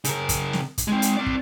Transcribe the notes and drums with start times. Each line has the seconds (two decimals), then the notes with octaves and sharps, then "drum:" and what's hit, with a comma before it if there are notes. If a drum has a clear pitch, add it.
0.04 C#3 A#4, drum: hi-hat
0.29 drum: kick, hi-hat
0.53 drum: snare
0.78 drum: kick, hi-hat
0.88 G#3 C4
1.02 drum: hi-hat
1.17 C4 D5
1.26 drum: kick